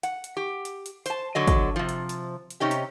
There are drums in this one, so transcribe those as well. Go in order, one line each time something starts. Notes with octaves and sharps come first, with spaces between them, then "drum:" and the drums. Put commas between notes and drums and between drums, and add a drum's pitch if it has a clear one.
F#5, drum: hi-hat
drum: hi-hat
G4
drum: hi-hat
drum: hi-hat
C5 A5, drum: hi-hat
D3 F#3 D#5
drum: kick, hi-hat
C3 F3
drum: hi-hat
drum: hi-hat
drum: hi-hat
C3 C#4 D#4 G4
drum: hi-hat